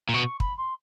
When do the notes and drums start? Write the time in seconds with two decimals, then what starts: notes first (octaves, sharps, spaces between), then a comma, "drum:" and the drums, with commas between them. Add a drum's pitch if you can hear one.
0.09 A#2
0.13 B2 C#6
0.40 B5, drum: kick
0.58 C6